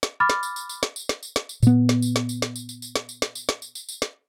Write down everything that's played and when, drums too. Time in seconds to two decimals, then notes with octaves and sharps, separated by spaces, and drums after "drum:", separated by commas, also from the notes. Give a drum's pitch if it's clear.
0.03 drum: snare
0.20 B5 D6 F6 A6
0.30 drum: snare
0.43 drum: tambourine
0.56 drum: tambourine
0.69 drum: tambourine
0.83 drum: snare
0.96 drum: tambourine
1.09 drum: snare
1.23 drum: tambourine
1.36 drum: snare
1.49 drum: tambourine
1.63 A#2 B3, drum: tambourine
1.89 drum: snare
2.02 drum: tambourine
2.16 drum: snare
2.29 drum: tambourine
2.42 drum: snare
2.56 drum: tambourine
2.69 drum: tambourine
2.82 drum: tambourine
2.96 drum: snare
3.09 drum: tambourine
3.22 drum: snare
3.35 drum: tambourine
3.49 drum: snare
3.62 drum: tambourine
3.75 drum: tambourine
3.89 drum: tambourine
4.02 drum: snare